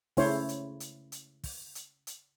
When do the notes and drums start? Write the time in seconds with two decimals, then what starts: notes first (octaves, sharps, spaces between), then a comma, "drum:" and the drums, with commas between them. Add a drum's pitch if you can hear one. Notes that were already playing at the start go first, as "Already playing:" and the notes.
0.17 C#3 A3 C#4 E4 C5 C#5, drum: kick, open hi-hat
0.49 drum: hi-hat
0.80 drum: hi-hat
1.12 drum: hi-hat
1.44 drum: kick, open hi-hat
1.75 drum: hi-hat
2.07 drum: hi-hat